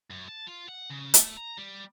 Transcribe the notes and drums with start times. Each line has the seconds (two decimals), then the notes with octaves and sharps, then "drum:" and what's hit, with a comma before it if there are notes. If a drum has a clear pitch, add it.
0.10 F#2
0.28 A5
0.47 F4
0.68 F#5
0.90 C#3
1.14 A3, drum: hi-hat
1.37 A#5
1.58 G3